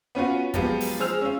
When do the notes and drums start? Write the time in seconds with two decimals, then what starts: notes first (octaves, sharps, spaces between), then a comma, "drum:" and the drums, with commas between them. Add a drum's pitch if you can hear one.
0.15 B3 C#4 F4 F#4
0.54 F3 F#3 G#3 B3 F4 G4, drum: kick, hi-hat
0.81 drum: open hi-hat
0.99 G#3 G#4 C5 E6 F6 F7
1.22 C#4 F4